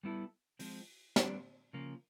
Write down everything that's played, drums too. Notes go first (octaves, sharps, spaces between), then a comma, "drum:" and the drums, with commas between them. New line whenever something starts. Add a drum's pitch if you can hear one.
G3 B3 E4 A4
F3 G#3 C4, drum: open hi-hat
G3 B3 D4, drum: snare
C#3 F3 A#3